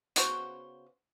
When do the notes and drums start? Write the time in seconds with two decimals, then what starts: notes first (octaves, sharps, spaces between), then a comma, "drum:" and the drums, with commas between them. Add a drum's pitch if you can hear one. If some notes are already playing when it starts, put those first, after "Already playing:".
0.16 C#3 B3 F#4 C5, drum: hi-hat